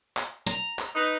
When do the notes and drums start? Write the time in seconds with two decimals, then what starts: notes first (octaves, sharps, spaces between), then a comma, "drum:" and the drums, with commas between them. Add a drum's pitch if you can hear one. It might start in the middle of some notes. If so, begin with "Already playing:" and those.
0.17 drum: clap
0.46 A#5, drum: tom
0.79 drum: clap
0.94 D#4 B4